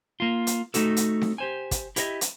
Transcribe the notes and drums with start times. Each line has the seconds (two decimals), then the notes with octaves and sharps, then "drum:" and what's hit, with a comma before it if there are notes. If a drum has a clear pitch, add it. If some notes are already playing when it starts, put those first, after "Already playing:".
0.20 A#3 F4
0.47 drum: hi-hat
0.74 A3 D#4 F#4 A4, drum: hi-hat
0.97 drum: hi-hat
1.21 drum: snare C4
1.38 G4 C5 G#5
1.71 drum: kick, hi-hat
1.96 E4 G4 A#4 C#5 D#5 E5, drum: hi-hat
2.21 drum: hi-hat